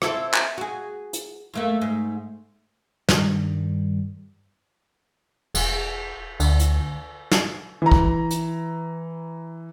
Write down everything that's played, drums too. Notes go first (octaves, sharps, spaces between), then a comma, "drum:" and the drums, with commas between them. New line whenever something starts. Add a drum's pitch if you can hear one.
C4 E4 A4, drum: rim click
drum: clap
F#4 G#4
drum: hi-hat
F#2 A3 A#3
G#2
G2 D#3 G3, drum: snare
E1 G#4, drum: cymbal
D2 D3, drum: cymbal
drum: hi-hat
drum: snare
E3 A#5
drum: kick
drum: hi-hat